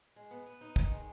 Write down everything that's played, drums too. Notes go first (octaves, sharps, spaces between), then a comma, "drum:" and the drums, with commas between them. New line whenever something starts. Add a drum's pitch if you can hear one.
G#3
B3
B3
D#4
D#3, drum: kick
G#3